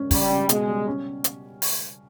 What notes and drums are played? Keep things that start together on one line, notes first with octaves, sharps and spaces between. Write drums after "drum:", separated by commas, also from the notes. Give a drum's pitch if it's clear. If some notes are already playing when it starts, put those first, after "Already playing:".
Already playing: C#4
C#3 G3, drum: kick, open hi-hat
C#3
B2 G#3, drum: hi-hat
G3
C#4
drum: hi-hat
drum: open hi-hat